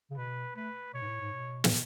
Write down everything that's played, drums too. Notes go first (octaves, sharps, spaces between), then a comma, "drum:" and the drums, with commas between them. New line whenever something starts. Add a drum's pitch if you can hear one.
C#3
B2 B4
A3 B4
B2 C#5
G#2
A2
G#2
B2
drum: snare